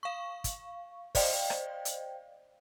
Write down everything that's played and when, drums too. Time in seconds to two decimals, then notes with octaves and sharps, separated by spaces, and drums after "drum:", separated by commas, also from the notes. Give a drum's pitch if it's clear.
0.03 F5 C#6
0.44 drum: kick, hi-hat
1.15 C5 D5 D#5 F5 G5, drum: kick, open hi-hat
1.50 drum: rim click
1.85 drum: hi-hat